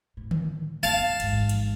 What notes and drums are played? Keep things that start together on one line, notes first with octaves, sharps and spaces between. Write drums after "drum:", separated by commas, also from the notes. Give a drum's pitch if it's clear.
A2
drum: tom D3
G1 D#2 F5 A5
A1 G#2, drum: cymbal
drum: cymbal